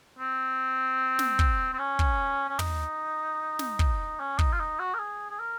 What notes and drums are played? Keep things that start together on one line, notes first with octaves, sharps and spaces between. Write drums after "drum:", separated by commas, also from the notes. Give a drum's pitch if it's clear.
C4
drum: snare
drum: kick
C4
C#4
drum: kick
C#4
D#4, drum: tom
drum: snare
drum: kick
C#4
D#4, drum: kick
F4
D#4
F#4
A#4
G#4
G#4
A#4